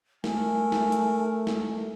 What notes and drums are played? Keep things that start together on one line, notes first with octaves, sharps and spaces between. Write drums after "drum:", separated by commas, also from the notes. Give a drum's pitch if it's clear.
A3 A#4 G#5, drum: snare
drum: snare
drum: hi-hat
drum: snare